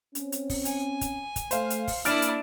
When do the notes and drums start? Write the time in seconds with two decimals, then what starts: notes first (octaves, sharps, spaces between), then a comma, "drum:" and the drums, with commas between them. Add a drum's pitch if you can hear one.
0.15 C4 C#4, drum: hi-hat
0.32 drum: hi-hat
0.50 drum: kick, open hi-hat
0.65 G#5, drum: hi-hat
1.01 drum: kick, hi-hat
1.36 drum: kick, hi-hat
1.51 A3 C5 F5, drum: hi-hat
1.70 drum: hi-hat
1.88 drum: kick, open hi-hat
2.05 A#3 D4 E4 F6 A6 D7, drum: hi-hat
2.22 drum: hi-hat